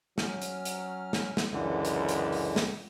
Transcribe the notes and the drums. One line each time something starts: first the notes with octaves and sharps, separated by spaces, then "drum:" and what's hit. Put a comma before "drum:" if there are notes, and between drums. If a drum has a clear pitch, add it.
F#3 C#4 F6, drum: snare
drum: hi-hat
drum: hi-hat
drum: snare
drum: snare
C#2 F#2 D3 E3
drum: hi-hat
drum: hi-hat
drum: open hi-hat
drum: snare